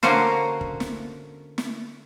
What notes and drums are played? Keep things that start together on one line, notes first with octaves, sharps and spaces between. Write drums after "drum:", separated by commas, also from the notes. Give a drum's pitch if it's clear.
D3 A#3 C#4 F#4 A#4 C5, drum: snare
drum: kick
drum: snare
drum: snare